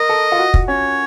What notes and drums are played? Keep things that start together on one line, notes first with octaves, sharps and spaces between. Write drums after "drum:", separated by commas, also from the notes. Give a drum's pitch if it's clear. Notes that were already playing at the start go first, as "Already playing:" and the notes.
Already playing: A#4 D#5
A4
F4
F#4
drum: kick
C#4 C#5